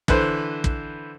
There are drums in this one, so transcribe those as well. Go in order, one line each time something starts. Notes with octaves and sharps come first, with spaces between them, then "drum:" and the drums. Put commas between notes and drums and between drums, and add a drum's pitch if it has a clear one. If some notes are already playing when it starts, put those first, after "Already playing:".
D3 E3 B4 C5, drum: kick
drum: kick